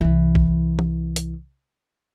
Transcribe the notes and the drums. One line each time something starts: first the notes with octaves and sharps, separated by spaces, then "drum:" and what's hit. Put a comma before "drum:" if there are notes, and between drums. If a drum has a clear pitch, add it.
C2 E3
drum: kick A1
drum: tom
drum: hi-hat